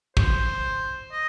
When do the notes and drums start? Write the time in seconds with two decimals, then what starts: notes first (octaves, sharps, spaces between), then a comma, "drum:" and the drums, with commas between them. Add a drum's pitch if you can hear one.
0.17 C5, drum: kick
1.12 D#5